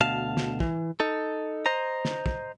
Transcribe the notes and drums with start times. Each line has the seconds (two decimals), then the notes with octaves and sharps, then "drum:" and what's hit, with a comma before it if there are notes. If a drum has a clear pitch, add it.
0.01 D2 B2 F5 A5
0.37 drum: snare
0.60 E3, drum: kick
1.00 D#4 A4
1.66 C5 D#5 A#5
2.05 drum: snare
2.26 drum: kick